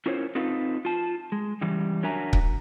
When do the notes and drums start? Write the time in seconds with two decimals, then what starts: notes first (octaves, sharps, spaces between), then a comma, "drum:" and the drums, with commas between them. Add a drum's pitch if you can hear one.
0.06 C#4 E4 F4 A#4 C5 C#5
0.35 C4 D#4 F4 A4 B4 F5
0.85 F4 A5
1.32 G#3
1.61 G2 C#3 E3 G3
2.03 F#3 D4 A#4 E5 G#5 A#5
2.33 drum: kick C#1